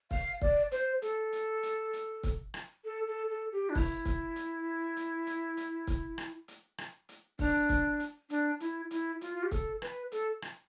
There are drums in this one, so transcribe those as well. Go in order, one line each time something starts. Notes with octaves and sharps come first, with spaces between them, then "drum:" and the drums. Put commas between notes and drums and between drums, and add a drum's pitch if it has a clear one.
F5, drum: kick C#1, open hi-hat
D5, drum: kick C#1
C5, drum: hi-hat
A4, drum: hi-hat
drum: hi-hat
drum: hi-hat
drum: hi-hat
drum: kick C#1, hi-hat
drum: rim click
A4
A4
A4
G4
D4
E4, drum: kick C#1, open hi-hat
drum: kick C#1, hi-hat
drum: hi-hat
drum: hi-hat
drum: hi-hat
drum: hi-hat
drum: kick C#1, hi-hat
drum: rim click
drum: hi-hat
drum: rim click
drum: hi-hat
D4, drum: kick C#1, open hi-hat
drum: kick C#1, hi-hat
drum: hi-hat
D4, drum: hi-hat
E4, drum: hi-hat
E4, drum: hi-hat
F4, drum: hi-hat
F4
G4
A4, drum: kick C#1, hi-hat
B4, drum: rim click
A4, drum: hi-hat
drum: rim click